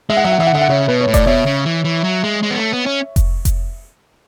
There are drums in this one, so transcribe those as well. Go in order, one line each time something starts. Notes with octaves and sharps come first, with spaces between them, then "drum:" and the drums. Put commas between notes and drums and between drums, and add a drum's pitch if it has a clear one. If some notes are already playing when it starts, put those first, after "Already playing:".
G#3 E5
F#5
F#3 E5
F#5
E3 E5
F#5
D3 E5
F#5
C#3 C#5 E5
B2 B4
C#5
A2
D5, drum: kick F1, hi-hat
B2 C#5 E5
C#3
E3
E3
F#3
G#3
G#3
B3
A3
B3
C#4
drum: kick F1, hi-hat
drum: kick F1, hi-hat